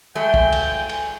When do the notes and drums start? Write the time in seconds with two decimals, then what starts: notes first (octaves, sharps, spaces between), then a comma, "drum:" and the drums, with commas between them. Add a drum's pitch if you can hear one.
0.15 F#3 G#3 A3 G5 G#5
0.34 drum: kick
0.52 drum: cymbal
0.89 drum: cymbal